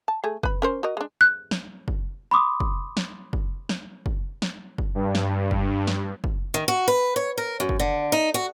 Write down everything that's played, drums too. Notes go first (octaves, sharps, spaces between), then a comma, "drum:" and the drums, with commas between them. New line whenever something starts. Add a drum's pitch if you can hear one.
A5
A3 G#4
B4 B5, drum: kick
C#4 A#4 C5
F#4 A#4 D#5
G#3 D4
F#6
drum: snare
drum: kick
B5 C6 D6 D#6
drum: kick
drum: snare
drum: kick
drum: snare
drum: kick
drum: snare
drum: kick
G2
drum: snare
drum: kick
drum: snare
drum: kick
D#3
F#4
B4
C#5
A#4
F#2
drum: kick
D3
D#4
F#4